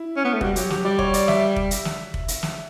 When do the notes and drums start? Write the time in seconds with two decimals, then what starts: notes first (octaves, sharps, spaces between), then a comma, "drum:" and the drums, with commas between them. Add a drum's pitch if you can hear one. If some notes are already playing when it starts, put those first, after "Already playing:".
Already playing: E4
0.17 C#4
0.25 B3
0.33 A3
0.41 G3 F#4, drum: kick F1
0.56 F#3 G4, drum: hi-hat
0.70 F#3 G4, drum: snare
0.85 G3 D5
0.99 C#5, drum: kick F1
1.14 D5, drum: hi-hat
1.28 E5, drum: snare
1.56 drum: kick F1
1.71 drum: hi-hat
1.85 drum: snare
2.14 drum: kick F1
2.28 drum: hi-hat
2.43 drum: snare